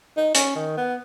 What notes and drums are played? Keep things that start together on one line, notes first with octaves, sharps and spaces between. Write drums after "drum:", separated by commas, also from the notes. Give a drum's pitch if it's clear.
D#4
C#4, drum: hi-hat
D#3
B3